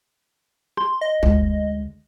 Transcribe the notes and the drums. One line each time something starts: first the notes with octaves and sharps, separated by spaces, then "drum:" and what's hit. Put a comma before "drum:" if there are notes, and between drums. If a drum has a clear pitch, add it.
C6, drum: rim click
D#5
D2 G#3, drum: kick